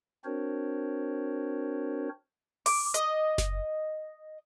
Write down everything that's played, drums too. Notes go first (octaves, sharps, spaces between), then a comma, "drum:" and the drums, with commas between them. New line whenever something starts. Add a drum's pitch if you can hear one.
C4 D4 F#4 A#4 C5 C#5
D6, drum: open hi-hat
D#5, drum: hi-hat
drum: snare F#1